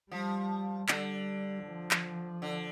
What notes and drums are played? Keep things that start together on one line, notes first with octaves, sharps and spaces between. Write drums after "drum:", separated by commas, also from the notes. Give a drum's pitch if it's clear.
F3 G3
D3 G3, drum: clap
F3
drum: clap
D3